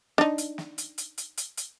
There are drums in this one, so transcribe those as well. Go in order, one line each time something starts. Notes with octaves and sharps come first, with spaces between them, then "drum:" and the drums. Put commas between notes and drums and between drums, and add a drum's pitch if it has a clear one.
D4 D#4, drum: snare
drum: hi-hat
drum: snare
drum: hi-hat
drum: hi-hat
drum: hi-hat
drum: hi-hat
drum: hi-hat